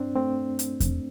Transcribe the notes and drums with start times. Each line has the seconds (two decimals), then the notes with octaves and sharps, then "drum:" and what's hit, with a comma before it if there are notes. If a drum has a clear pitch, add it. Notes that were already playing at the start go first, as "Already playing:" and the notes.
Already playing: G2 C4 D4
0.15 A3 C4
0.59 drum: hi-hat
0.80 drum: kick E2, hi-hat